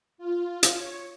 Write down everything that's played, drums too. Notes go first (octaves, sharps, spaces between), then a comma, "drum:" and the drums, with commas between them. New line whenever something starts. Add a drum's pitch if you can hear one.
F4
drum: hi-hat
C#5